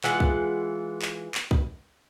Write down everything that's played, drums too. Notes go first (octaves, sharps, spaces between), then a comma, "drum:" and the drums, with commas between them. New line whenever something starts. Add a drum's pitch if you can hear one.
E3 G#3 F4 F#5, drum: clap
drum: kick
drum: clap
drum: clap
drum: kick